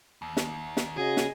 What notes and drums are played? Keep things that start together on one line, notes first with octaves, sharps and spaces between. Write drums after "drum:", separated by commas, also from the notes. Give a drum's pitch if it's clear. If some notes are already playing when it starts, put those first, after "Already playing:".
D#2
drum: snare
drum: snare
C#3 F#4 G#4 D#5
drum: snare